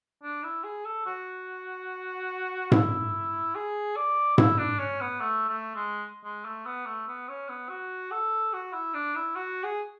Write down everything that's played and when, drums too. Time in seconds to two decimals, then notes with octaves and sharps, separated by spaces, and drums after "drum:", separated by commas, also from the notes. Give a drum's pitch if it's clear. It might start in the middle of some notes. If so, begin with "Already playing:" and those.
0.23 D4
0.44 E4
0.64 G#4
0.85 A4
1.06 F#4
2.72 E4, drum: tom G#2
3.55 G#4
3.96 D5
4.38 E4, drum: tom G#2
4.58 D4
4.79 C#4
5.01 B3
5.21 A3
5.49 A3
5.76 G#3
6.24 G#3
6.45 A3
6.66 B3
6.86 A3
7.08 B3
7.28 C#4
7.49 B3
7.69 F#4
8.11 A4
8.53 F#4
8.73 E4
8.94 D4
9.16 E4
9.36 F#4
9.63 G#4